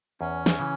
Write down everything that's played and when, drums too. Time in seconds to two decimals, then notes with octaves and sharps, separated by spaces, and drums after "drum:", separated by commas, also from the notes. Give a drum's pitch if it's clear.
0.21 E2 C#4
0.46 drum: snare
0.59 C#3 E3